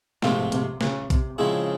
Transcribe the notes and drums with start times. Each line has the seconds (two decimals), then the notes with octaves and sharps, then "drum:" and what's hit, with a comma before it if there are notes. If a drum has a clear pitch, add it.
0.22 G#2 C3 F3 A3 C4 F4, drum: snare
0.52 C3, drum: hi-hat
0.81 C#3, drum: snare
1.10 C3, drum: kick A#1, hi-hat
1.38 C#3 F3 G#3 C4 E4 G#4